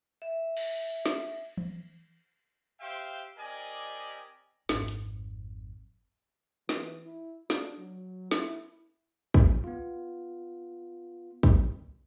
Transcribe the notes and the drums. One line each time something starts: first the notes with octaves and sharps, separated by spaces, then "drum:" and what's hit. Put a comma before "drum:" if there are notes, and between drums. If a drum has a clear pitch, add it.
E5
drum: cymbal
drum: snare
drum: tom E3
G4 C5 E5 F5 G5
C4 G4 A#4 D5 D#5 G#5
G#1 F2, drum: snare
drum: hi-hat
E3, drum: snare
E4
D4, drum: snare
F#3
E4, drum: snare
drum: kick
B3 F4
drum: kick